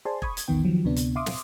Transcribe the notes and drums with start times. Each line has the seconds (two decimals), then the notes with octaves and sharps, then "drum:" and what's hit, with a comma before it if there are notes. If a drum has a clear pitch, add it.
0.05 G#4 C5 D5 G#5 A5 C6
0.22 B5 C#6 D#6 G#6, drum: kick F1
0.37 drum: hi-hat
0.48 A#1 E2 D#3 B3 G5
0.64 D#3 F3 F#3
0.85 D2 C3 B3 D4
0.96 drum: hi-hat
1.16 E5 F5 C6 D6 D#6
1.26 drum: snare